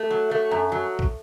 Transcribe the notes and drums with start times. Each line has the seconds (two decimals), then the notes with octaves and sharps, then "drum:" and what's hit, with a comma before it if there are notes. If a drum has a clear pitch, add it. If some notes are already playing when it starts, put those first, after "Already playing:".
Already playing: A3
0.10 F#3
0.31 A3
0.51 F#2
0.72 F#3
0.99 drum: kick